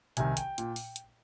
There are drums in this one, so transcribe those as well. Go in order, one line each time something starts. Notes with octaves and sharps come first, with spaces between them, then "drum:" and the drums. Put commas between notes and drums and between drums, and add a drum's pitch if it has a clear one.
C2 C3 D#3 G#5, drum: hi-hat
G5, drum: hi-hat
A#2, drum: hi-hat
drum: open hi-hat
drum: hi-hat